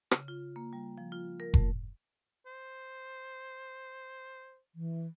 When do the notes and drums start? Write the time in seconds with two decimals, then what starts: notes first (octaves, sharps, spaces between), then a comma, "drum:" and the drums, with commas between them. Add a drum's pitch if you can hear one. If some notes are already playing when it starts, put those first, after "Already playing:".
0.11 C#3, drum: rim click
0.28 F4
0.56 A#3
0.73 G3
0.98 F3
1.12 F4
1.40 A#4
1.54 A3, drum: kick F1
2.46 C5
4.75 E3